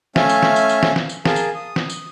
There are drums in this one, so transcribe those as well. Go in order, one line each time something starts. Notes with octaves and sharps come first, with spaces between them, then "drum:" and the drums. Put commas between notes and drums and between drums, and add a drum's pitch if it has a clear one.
A3 C#4 E5 F5 G#5, drum: snare
drum: tambourine
drum: snare
drum: tambourine
drum: tambourine
drum: snare
drum: snare
drum: tambourine
G#4 A#4 F5 A5 A#5, drum: snare
drum: tambourine
D#6
drum: snare
drum: tambourine